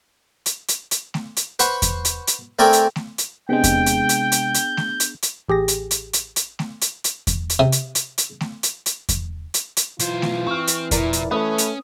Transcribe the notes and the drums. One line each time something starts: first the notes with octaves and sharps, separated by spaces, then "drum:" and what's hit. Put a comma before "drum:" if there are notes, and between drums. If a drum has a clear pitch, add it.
drum: hi-hat
drum: hi-hat
drum: hi-hat
drum: snare A3
drum: hi-hat
B4 C5 F#5 C#6, drum: hi-hat
drum: kick E2, hi-hat
drum: hi-hat
drum: hi-hat
A3 C4 A#4 D5 G5 G#5
drum: hi-hat
drum: snare A3
drum: hi-hat
C3 G#3 B3 D4 G#4 G5 G6
drum: kick E2, hi-hat
drum: hi-hat
drum: hi-hat
drum: hi-hat
drum: hi-hat
drum: snare A3
drum: hi-hat
drum: hi-hat
A1 G4 G#4 A#6
drum: hi-hat
drum: hi-hat
drum: hi-hat
drum: hi-hat
drum: snare A3
drum: hi-hat
drum: hi-hat
drum: kick E2, hi-hat
drum: hi-hat
C3
drum: hi-hat
drum: hi-hat
drum: hi-hat
drum: snare A3
drum: hi-hat
drum: hi-hat
drum: kick E2, hi-hat
drum: hi-hat
drum: hi-hat
B1 E3 F4 C5, drum: hi-hat
drum: snare A3
C4 C#6 F6
drum: hi-hat
A#2 E4 A#4 D5, drum: kick E2, hi-hat
drum: hi-hat
A3 C#4 B4 D#6
drum: hi-hat